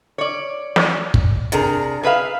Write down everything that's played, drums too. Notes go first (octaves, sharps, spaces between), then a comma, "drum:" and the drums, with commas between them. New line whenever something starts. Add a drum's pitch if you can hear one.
C#5 D5
drum: snare
drum: kick
C3 D4 G#4 A#4, drum: hi-hat
G#4 B4 E5 F5